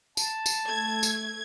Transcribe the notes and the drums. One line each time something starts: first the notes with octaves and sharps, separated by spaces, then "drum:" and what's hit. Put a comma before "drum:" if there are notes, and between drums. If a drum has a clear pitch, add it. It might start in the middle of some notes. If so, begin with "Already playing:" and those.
A5, drum: tambourine
drum: tambourine
A3 G#6
drum: tambourine